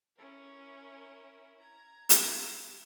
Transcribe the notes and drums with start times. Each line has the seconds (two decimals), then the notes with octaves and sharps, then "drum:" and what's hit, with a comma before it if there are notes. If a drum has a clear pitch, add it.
0.16 C#4 E4 A#4
1.59 A#5 G#6
2.09 drum: hi-hat